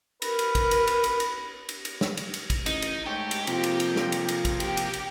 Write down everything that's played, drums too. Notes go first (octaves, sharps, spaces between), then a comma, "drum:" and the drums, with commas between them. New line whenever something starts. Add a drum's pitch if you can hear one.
A#4 B4, drum: cymbal
drum: cymbal
drum: kick, cymbal
drum: cymbal
drum: cymbal
drum: cymbal
drum: cymbal
drum: cymbal
drum: cymbal
drum: snare
drum: cymbal
drum: cymbal
drum: kick, cymbal
A1 D#4, drum: cymbal
drum: cymbal
G#2 A3 G4 C#5
drum: cymbal
F2 C3 F3 A#3, drum: cymbal
drum: cymbal
drum: cymbal
drum: snare
drum: cymbal
drum: cymbal
drum: kick, cymbal
G4, drum: cymbal
drum: cymbal
drum: cymbal